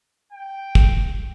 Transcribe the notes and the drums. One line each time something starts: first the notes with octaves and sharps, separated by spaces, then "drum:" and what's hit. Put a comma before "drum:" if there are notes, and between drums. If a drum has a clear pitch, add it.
G5
drum: kick